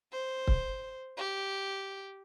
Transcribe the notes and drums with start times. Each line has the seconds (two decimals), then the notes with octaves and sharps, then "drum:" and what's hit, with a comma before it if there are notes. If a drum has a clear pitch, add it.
0.12 C5
0.47 drum: kick C#1
1.17 G4